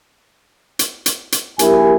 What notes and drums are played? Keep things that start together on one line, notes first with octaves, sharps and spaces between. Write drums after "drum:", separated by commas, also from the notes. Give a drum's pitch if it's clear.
drum: hi-hat
drum: hi-hat
drum: hi-hat
A#1 E4 G4 A#4 G#5, drum: hi-hat